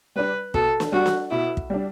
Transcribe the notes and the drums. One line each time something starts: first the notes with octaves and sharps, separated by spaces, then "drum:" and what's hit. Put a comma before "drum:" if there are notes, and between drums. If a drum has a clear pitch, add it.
G3 D4 B4
B2 A4, drum: kick
drum: snare
G3 D4 F#4
drum: snare
B2 E4
drum: kick
G3 D4